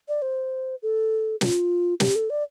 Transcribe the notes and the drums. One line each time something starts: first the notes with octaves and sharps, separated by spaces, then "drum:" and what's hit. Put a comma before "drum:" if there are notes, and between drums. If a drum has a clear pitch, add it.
D5
C5
A4
G4, drum: snare
F4
G4, drum: snare
A4
D5